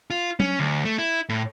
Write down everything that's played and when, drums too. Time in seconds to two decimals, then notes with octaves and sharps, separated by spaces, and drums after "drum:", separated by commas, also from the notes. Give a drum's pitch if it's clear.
0.10 F4
0.40 C#4, drum: tom F#3
0.60 D2
0.85 A3
0.98 E4
1.29 A2